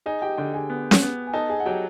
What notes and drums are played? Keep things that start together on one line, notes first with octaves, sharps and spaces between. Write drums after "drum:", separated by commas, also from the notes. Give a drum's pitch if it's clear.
D#4 G#4 G#5
G4 G5
D3 G4 G5
G#4 G#5
B3
drum: snare C#4
B3
G#5
D#4 A4 A5
G#4 G#5
F#5
F#3 G4 G5